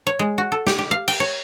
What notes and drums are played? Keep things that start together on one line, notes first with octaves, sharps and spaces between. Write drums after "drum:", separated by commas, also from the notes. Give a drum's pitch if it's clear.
C#5
G#3
F#4
A4
G4, drum: snare
G4
F5
G5, drum: cymbal
C#5